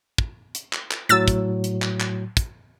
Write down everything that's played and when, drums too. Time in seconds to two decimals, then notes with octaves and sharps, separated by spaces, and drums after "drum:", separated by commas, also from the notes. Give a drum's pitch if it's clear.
0.18 drum: kick
0.55 drum: hi-hat
0.73 drum: clap
0.91 drum: clap
1.09 A2 F#3 E6 A6
1.28 drum: kick, hi-hat
1.64 drum: hi-hat
1.82 drum: clap
2.00 drum: clap
2.37 drum: kick, hi-hat